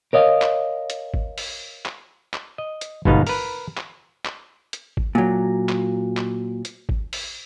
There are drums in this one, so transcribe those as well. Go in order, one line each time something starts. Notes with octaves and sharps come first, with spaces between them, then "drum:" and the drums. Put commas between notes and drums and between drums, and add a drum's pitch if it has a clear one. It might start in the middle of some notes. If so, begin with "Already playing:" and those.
A#4 C#5 D#5 F5
drum: clap
drum: hi-hat
drum: kick G#1
drum: open hi-hat
drum: clap
drum: clap
D#5
drum: hi-hat
G1 G#2 B2 B3 D#4 F5, drum: kick G#1
A#4 B4, drum: open hi-hat
drum: clap
drum: clap
drum: hi-hat
drum: kick G#1
A#2 F#3
drum: clap
drum: clap
drum: hi-hat
drum: kick G#1
drum: open hi-hat